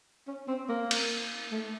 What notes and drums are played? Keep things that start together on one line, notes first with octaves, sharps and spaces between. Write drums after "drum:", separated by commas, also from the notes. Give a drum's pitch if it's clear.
C#4
C4
A#3
drum: cymbal
A3